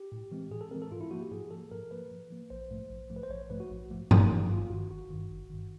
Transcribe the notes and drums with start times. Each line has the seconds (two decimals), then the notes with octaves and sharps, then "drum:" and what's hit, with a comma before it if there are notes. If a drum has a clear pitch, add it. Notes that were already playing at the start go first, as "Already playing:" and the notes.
Already playing: G4
0.12 A2
0.31 E3 G#3 C4
0.51 A2 G#4
0.61 A4
0.71 E3 G#3 C4 A#4
0.82 A4
0.92 G#2 F4
1.01 E4
1.11 F3 A#3 F#4
1.21 G4
1.31 G#2 G#4
1.51 F3 A#3 A4
1.71 G#2 A#4
1.91 F3 A#3 B4
2.11 G#2
2.30 F3 A#3
2.50 A#1 C5
2.71 G#2 F3 A3
2.91 A#1
3.10 G#2 F3 A3
3.16 B4
3.23 C5
3.30 A#1 C#5
3.50 G#2 F3 A3 B4
3.60 F#4
3.70 A#1
3.90 G#2 F3 A3
4.11 G1, drum: tom G2
4.30 G2 D#3
4.51 G1 F4
4.70 G2 D#3 F#4
4.90 G1 F#4
5.10 G2 D#3
5.30 G1
5.50 G2 D#3